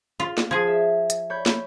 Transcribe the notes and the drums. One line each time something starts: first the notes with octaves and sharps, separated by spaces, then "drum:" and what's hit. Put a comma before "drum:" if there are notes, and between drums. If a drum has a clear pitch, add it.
F4
drum: snare
F3 G#4 G#6
E5
drum: hi-hat
C#5 B5 G6
drum: snare